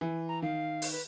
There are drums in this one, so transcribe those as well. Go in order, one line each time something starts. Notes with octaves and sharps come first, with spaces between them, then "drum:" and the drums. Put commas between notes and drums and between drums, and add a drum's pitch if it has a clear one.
E3
A#5
D#3 F5
drum: open hi-hat
B4